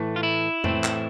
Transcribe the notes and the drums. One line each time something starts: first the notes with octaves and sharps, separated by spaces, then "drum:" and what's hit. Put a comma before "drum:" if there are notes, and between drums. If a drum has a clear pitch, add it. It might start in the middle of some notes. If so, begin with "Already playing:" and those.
Already playing: A2 E3 A3
F4
E4
A2 E3 A3 C4, drum: tom F2
drum: clap